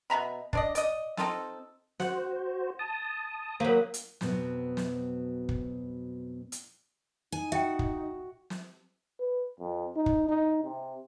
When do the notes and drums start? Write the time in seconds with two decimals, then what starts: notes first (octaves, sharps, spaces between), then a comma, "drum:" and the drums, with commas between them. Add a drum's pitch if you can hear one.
0.10 B2 E5 A#5 B5
0.53 D4 D5 D#5, drum: kick
0.75 D5 D#5, drum: hi-hat
1.17 C4 D#4 F4 A4, drum: snare
2.00 F#4 C5 F#5, drum: snare
2.79 A5 D#6
3.60 F#3 A#3 C5 B5 D#6
3.94 drum: hi-hat
4.21 F2 B2 F#3 B3 C4, drum: snare
4.77 drum: snare
5.49 drum: kick
6.52 drum: hi-hat
7.32 D#4 G#5
7.52 F#4 E5 G5
7.79 drum: kick
8.50 drum: snare
9.20 B4
9.60 F2
9.96 D#4
10.06 drum: kick
10.28 D#4
10.64 C3